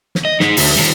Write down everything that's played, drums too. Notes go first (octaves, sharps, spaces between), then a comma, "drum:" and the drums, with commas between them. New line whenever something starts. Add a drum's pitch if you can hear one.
drum: snare
D#5
D#4 G#4, drum: snare
D2, drum: open hi-hat
D#3 G3